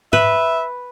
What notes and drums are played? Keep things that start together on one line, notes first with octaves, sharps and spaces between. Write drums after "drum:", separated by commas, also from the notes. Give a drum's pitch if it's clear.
B4 E5, drum: tom G#2